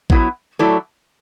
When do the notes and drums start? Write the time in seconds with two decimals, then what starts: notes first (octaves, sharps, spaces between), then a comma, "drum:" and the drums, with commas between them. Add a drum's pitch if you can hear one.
0.10 F#3 B3 E4, drum: kick A1
0.59 F#3 A3 E4 A4 D5